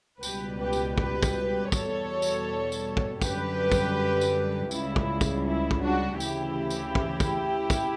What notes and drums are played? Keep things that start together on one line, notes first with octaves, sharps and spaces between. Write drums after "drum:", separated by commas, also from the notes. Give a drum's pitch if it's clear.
C#2 B2 G3 G4 B4, drum: tambourine
G4 B4
drum: tambourine
G4 B4, drum: kick
drum: kick, tambourine
E2 B2 G3 A4 C#5, drum: kick, tambourine
drum: tambourine
drum: tambourine
drum: kick
F#2 D3 G3 G4 B4, drum: kick, tambourine
drum: kick, tambourine
drum: tambourine
C#2 C#3 G3 E4, drum: tambourine
drum: kick
drum: kick, tambourine
E4
drum: kick
D4 F#4
D2 C#3 E3 E4 G4, drum: tambourine
drum: tambourine
drum: kick
drum: kick, tambourine
drum: kick, tambourine